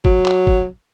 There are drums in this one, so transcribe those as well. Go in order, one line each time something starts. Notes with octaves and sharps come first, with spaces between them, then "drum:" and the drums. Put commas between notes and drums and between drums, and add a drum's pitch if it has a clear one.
F#3, drum: kick
drum: clap
drum: kick